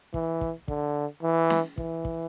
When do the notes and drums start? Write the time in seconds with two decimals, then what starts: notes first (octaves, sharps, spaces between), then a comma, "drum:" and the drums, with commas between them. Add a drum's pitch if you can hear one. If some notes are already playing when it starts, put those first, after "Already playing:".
0.14 E3, drum: kick
0.41 drum: kick
0.68 D3, drum: kick
1.23 E3
1.50 drum: snare
1.78 E3, drum: kick
2.05 drum: kick